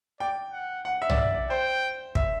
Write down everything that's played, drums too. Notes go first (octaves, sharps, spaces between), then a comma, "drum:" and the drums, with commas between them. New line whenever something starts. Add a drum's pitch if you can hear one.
D5 G5
F#5
F#5
E5
D5, drum: tom B1
E5
D5
C5 G5
E5, drum: kick